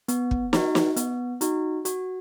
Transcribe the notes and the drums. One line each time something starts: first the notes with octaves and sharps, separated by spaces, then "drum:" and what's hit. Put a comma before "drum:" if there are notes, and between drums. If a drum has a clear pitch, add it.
B3, drum: hi-hat
drum: kick
D#4 F#4, drum: snare
drum: snare
B3, drum: hi-hat
D#4 F#4, drum: hi-hat
F#4, drum: hi-hat